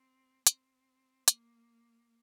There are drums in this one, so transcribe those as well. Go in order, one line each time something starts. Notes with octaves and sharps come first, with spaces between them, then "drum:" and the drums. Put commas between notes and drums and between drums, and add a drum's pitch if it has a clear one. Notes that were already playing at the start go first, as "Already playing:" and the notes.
Already playing: C4
C4, drum: hi-hat
A#3, drum: hi-hat